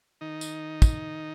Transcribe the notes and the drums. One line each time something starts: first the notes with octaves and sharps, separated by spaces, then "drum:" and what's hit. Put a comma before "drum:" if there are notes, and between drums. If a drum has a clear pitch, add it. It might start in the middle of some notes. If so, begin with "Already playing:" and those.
D#3 D#4
drum: tambourine
drum: kick, tambourine